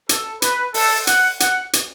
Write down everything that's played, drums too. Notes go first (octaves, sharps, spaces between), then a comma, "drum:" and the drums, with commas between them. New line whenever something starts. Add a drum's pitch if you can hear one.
A4, drum: hi-hat
B4, drum: hi-hat
A4, drum: open hi-hat
F#5, drum: hi-hat
F#5, drum: hi-hat
drum: hi-hat